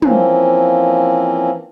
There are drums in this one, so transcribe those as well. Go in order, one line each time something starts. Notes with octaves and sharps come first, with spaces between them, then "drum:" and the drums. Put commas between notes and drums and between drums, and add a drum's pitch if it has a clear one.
E3 F3 A#3 C4 C#4, drum: tom